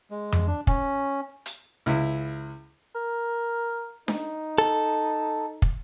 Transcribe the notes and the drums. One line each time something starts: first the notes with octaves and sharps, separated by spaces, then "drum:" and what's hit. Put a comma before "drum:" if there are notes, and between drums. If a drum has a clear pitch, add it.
G#3
drum: tom F2
D4
C#4, drum: kick
drum: hi-hat
C#2 E4
A#4
D#4, drum: snare D4
A4
drum: kick